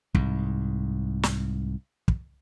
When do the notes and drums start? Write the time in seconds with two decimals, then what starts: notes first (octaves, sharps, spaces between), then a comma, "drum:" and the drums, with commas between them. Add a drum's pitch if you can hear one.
0.15 C2 G#2, drum: kick
1.23 drum: snare
2.08 drum: kick